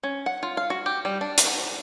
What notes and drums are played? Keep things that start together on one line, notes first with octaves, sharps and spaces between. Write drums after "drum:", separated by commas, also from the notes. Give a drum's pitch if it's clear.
C#4
F#5
F4
F5
F#4
G4
G3
D4
drum: hi-hat
F#5